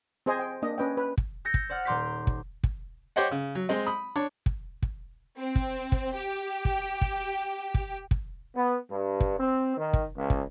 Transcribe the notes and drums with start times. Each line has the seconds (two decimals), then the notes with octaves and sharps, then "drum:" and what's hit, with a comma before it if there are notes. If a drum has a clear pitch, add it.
0.26 C4 G#4 C5 D#5 G#5
0.39 G5
0.62 A#3 D4 D#5
0.78 C#4 B4 D#5 G5
0.97 B4
1.18 drum: kick
1.45 E6 G6 A6 A#6 C#7
1.54 drum: kick
1.69 C5 D5 F#5 F6
1.85 D#1 A#5 C6 D6 G6 B6
2.27 drum: kick
2.63 drum: kick
3.16 G4 C5 C#5 D#5 F#5
3.31 C#3
3.55 F#3
3.69 G#3 C4 D#5
3.86 B5 D#6
4.16 D4 C#5
4.46 drum: kick
4.82 drum: kick
5.38 C4
5.55 drum: kick
5.92 drum: kick
6.14 G4
6.65 drum: kick
7.01 drum: kick
7.74 drum: kick
8.11 drum: kick
8.56 B3
8.89 G2
9.20 drum: kick
9.38 C4
9.78 D#3
9.93 drum: kick
10.17 C#2
10.30 drum: kick